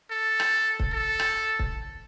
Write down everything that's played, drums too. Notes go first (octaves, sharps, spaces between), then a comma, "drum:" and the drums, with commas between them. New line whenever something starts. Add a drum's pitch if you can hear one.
A4
drum: rim click
drum: kick C#1
A4
drum: rim click
drum: kick C#1